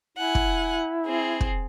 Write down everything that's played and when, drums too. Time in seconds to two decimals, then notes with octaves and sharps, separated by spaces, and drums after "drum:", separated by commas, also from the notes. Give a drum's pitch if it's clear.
0.17 E4 F#5 G#5
0.35 drum: kick
1.06 C4 G#4
1.40 drum: kick